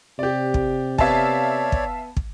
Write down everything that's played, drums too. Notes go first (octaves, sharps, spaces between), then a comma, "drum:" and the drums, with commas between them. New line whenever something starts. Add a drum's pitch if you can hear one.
C3 G4 D5
drum: kick
B3 C#5 D5 E5 F5 A5 G#6, drum: kick
drum: kick
drum: kick